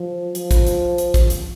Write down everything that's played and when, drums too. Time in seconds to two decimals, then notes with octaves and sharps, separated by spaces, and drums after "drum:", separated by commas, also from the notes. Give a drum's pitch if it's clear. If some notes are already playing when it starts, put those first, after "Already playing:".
Already playing: F3
0.35 F3, drum: hi-hat
0.51 drum: kick, hi-hat
0.67 drum: hi-hat
0.98 drum: hi-hat
1.14 drum: kick, hi-hat
1.30 drum: hi-hat